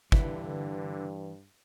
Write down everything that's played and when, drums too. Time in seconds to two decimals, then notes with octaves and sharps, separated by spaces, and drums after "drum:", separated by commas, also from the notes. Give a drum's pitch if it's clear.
0.12 G2 D3 E3, drum: kick